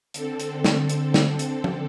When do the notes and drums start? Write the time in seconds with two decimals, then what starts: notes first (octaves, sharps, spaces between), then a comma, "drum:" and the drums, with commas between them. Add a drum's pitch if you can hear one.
0.14 D3 C4 A4, drum: hi-hat
0.40 drum: hi-hat
0.64 drum: snare
0.89 drum: hi-hat
1.14 drum: snare
1.39 drum: hi-hat
1.64 drum: tom F3